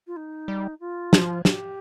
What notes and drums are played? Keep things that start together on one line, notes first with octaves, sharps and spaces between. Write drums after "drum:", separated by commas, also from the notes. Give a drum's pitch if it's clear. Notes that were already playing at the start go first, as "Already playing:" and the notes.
F4
D#4
G3
F4
F3, drum: snare
G4, drum: snare